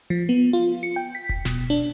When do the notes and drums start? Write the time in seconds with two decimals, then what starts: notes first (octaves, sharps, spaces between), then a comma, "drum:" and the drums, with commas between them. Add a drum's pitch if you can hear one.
0.10 F3
0.29 B3
0.53 F4
0.83 C#7
0.96 G5
1.15 B6
1.29 drum: kick E1
1.45 B2, drum: snare
1.70 D4